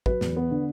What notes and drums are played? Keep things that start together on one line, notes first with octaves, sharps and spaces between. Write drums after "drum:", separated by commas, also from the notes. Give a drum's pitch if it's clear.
F#3 B4, drum: kick
E2, drum: snare
B3
D3